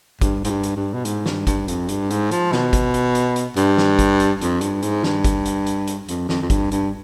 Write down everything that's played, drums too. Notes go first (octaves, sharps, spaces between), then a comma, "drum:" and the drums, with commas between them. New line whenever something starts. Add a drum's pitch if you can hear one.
G2, drum: kick, hi-hat
G#2, drum: hi-hat
G2
drum: hi-hat
G2
B2
G#2, drum: hi-hat
G2, drum: snare
G2, drum: kick, hi-hat
F2, drum: hi-hat
G2, drum: hi-hat
G#2, drum: hi-hat
F3, drum: hi-hat
B2, drum: snare
drum: kick, hi-hat
drum: hi-hat
drum: hi-hat
drum: hi-hat
G2, drum: hi-hat
drum: snare
drum: kick, hi-hat
drum: hi-hat
F2, drum: hi-hat
G2, drum: hi-hat
G#2, drum: hi-hat
G2, drum: snare
drum: kick, hi-hat
drum: hi-hat
drum: hi-hat
drum: hi-hat
F2, drum: hi-hat
F2, drum: snare
F2
G2, drum: kick, hi-hat
G2, drum: hi-hat